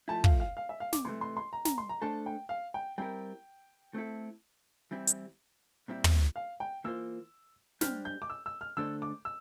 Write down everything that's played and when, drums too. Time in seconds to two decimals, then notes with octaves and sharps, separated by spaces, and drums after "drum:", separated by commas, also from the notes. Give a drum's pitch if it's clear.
0.08 F3 A3 E4 A5
0.24 F5, drum: kick
0.40 F5
0.57 F5
0.69 E5
0.80 F5
0.93 D6, drum: snare
1.05 C3 E3 A3 C6
1.21 C6
1.37 C6
1.53 A#5
1.65 A#5, drum: snare
1.78 C6
1.89 A#5
2.02 A3 D4 A4 C5 A5
2.26 G5
2.49 F5
2.74 G5
2.98 G3 C4 E4 A#4 G5
3.94 A3 C4 E4 A4
4.91 E3 G3 C4 E4
5.07 drum: hi-hat
5.88 A#2 G3 C4 E4
6.04 drum: tom
6.36 F5
6.60 G5
6.84 E3 A#3 F4 C5 E6
7.81 G3 D4 G4 C5 F6, drum: snare
8.05 G6
8.22 D6
8.30 E6
8.46 E6
8.61 F6
8.77 D3 A3 D4 A4 C5 E6
9.02 D6
9.25 E6